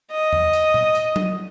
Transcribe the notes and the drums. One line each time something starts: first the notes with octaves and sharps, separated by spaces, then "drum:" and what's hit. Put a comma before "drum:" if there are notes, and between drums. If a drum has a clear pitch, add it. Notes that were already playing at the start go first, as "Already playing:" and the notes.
D#5
drum: tom E2
drum: hi-hat
drum: tom A#2
drum: hi-hat
drum: tom F#3